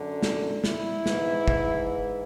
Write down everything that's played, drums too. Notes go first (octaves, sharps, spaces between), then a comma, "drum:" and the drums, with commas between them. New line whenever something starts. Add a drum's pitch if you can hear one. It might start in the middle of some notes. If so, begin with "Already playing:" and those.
Already playing: F#2 D3
drum: snare
E4, drum: snare
G#2 E3, drum: snare
drum: kick